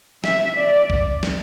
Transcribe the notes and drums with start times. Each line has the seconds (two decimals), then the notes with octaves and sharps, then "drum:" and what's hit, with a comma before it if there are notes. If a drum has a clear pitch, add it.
0.24 E5, drum: snare
0.57 D5
0.90 drum: kick
1.23 drum: snare